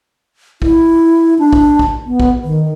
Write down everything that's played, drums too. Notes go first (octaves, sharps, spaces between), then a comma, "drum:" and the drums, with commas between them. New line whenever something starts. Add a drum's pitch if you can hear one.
E4, drum: kick
D4
drum: kick
drum: kick
B3
drum: kick
D#3